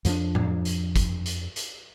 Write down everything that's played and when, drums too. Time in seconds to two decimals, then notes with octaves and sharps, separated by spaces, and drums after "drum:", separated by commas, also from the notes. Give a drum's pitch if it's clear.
0.05 F2 F3 G3 D4, drum: hi-hat
0.35 drum: tom A2
0.65 drum: hi-hat
0.96 drum: kick G1, hi-hat
1.26 drum: hi-hat
1.56 drum: hi-hat